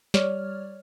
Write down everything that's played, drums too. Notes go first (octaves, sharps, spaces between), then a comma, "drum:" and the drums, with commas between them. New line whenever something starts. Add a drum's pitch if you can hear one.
G3 C#5 D5 F6, drum: snare